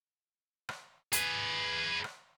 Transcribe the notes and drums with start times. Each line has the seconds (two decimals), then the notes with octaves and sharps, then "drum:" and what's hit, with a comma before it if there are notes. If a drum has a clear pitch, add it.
0.69 drum: rim click
1.13 G#4 B4, drum: hi-hat
2.04 drum: rim click